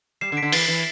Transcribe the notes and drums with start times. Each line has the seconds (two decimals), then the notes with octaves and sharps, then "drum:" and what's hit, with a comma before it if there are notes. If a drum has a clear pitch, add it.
0.21 G3 C7 E7
0.32 D3
0.37 B6 D7
0.43 D3
0.52 E3 A6 C7, drum: open hi-hat
0.68 E3